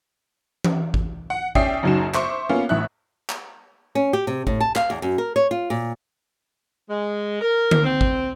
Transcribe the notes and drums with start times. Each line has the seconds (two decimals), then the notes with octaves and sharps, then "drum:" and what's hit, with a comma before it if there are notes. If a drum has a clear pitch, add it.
0.64 drum: tom E3
0.94 drum: kick G#1
1.30 F#5
1.55 C#4 D5 E5 G5 D#6 C7, drum: kick G#1
1.83 F#1 F#2 D#4 F#4 E7
2.14 C5 E5 C#6 D6, drum: clap
2.49 A#3 B3 C#4 F4
2.69 A1 A2 E5 F#6
3.30 drum: clap
3.95 C#4
4.13 G4
4.27 C3
4.47 A2, drum: kick G#1
4.60 A5
4.76 F5, drum: clap
4.90 E2
5.02 F#2
5.18 A#4
5.36 C#5
5.51 F4
5.70 A#2
6.89 G#3
7.41 A#4
7.71 drum: tom D3
7.84 C4
8.01 drum: kick G#1